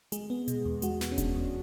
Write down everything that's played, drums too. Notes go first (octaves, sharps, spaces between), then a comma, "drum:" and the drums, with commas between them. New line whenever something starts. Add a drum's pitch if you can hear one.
G#3 G#4, drum: hi-hat
B3
B2, drum: hi-hat
E2
G#3 F#4, drum: hi-hat
B3, drum: snare
C#4
B2 D4, drum: kick D#1, hi-hat
E2